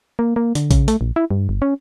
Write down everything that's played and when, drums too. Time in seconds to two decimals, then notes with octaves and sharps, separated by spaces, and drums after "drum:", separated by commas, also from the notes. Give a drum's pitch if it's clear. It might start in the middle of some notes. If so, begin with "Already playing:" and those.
0.19 A#3
0.36 A#3
0.55 D3, drum: hi-hat
0.71 C#3, drum: kick A#1, hi-hat
0.88 A3, drum: hi-hat
1.01 A#1
1.16 E4
1.31 G2
1.49 G1
1.62 C#4